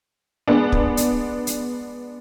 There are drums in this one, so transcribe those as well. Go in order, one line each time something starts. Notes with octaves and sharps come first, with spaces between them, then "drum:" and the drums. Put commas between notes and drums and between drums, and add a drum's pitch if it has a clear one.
G#3 B3 D4
drum: kick
drum: hi-hat
drum: hi-hat